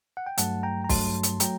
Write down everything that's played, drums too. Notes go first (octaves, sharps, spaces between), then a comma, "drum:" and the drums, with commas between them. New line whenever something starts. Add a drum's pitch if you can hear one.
F#5
G5
G2 F#3 A3 F#5 A5, drum: hi-hat
G5 A#5
A#5
G2 F#3 A3 A5 C6, drum: kick, open hi-hat
drum: hi-hat
F#3 A3 G5 A#5, drum: hi-hat